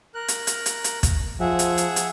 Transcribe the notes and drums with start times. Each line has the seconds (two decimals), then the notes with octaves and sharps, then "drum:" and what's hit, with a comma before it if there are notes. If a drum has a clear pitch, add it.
0.15 A#4 F#6
0.28 drum: hi-hat
0.47 drum: hi-hat
0.66 drum: hi-hat
0.84 drum: hi-hat
1.03 drum: kick, hi-hat
1.40 F3 G#4 E5 F#5
1.59 drum: hi-hat
1.78 drum: hi-hat
1.96 drum: hi-hat